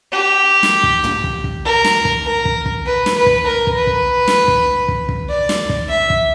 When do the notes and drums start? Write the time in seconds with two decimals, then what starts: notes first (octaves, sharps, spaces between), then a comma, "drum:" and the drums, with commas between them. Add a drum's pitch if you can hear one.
0.12 G4
0.63 drum: snare
0.83 drum: kick
1.04 drum: tom
1.24 drum: kick
1.44 drum: kick
1.64 A#4
1.85 drum: snare
2.05 drum: kick
2.26 A#4
2.45 drum: kick
2.66 drum: kick
2.86 B4
3.06 drum: snare
3.17 B4
3.26 drum: kick
3.46 A#4
3.67 drum: kick
3.77 B4
3.87 drum: kick
4.28 drum: snare
4.48 drum: kick
4.88 drum: kick
5.09 drum: kick
5.29 D5
5.49 drum: snare
5.69 drum: kick
5.89 E5
6.10 drum: kick